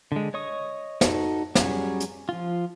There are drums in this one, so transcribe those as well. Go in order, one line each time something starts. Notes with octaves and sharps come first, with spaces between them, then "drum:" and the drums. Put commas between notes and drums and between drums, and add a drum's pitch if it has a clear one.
D3 G#3
C#5 D#5 C#6 D#6
D#4 F#4 A4, drum: snare
F#3 G3 C#4 G#4, drum: snare
drum: hi-hat
F3 F4